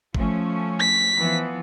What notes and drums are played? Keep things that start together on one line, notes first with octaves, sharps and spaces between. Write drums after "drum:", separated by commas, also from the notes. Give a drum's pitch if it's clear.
F3 A3 C#4, drum: kick G#1
B6
E3 F3 B3